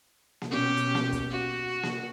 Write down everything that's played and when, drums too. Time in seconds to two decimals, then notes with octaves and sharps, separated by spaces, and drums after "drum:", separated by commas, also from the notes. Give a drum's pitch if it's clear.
0.42 drum: snare A#3
0.51 B2 C#4 G4
0.77 drum: hi-hat
0.95 drum: snare A#3
1.12 drum: kick, hi-hat
1.30 F#4
1.83 drum: snare A#3